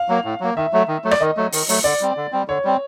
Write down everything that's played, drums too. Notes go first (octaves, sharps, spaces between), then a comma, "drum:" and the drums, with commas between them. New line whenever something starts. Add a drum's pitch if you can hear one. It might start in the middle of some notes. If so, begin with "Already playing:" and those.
Already playing: F5
F#3 A#3
A2
F#3 A#3
D#3 E5
F#3 A3
D#3
F#3 A3
D5, drum: rim click
D#3 D#5
F#3 A3
D#3, drum: open hi-hat
F#3 A3, drum: open hi-hat
D3 D5
G3 C4
D3
G3 C4
D3 C#5
G3 C4